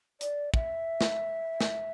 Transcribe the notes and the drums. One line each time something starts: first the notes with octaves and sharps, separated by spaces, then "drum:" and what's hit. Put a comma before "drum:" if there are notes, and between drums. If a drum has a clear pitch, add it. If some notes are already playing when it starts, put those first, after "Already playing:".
D5, drum: hi-hat
E5, drum: kick
drum: snare
drum: snare